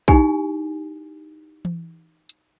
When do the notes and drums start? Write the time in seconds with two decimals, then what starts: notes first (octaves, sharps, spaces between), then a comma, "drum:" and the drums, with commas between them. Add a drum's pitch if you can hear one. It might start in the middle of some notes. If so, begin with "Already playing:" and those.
0.08 D#4 E4 G4 G#5, drum: kick B1
1.65 drum: tom E3
2.29 drum: hi-hat